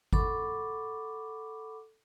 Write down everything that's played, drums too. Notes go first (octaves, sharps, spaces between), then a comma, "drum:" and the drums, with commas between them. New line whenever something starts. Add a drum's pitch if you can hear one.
A4 F#5 B5 C#6 D6, drum: kick G#1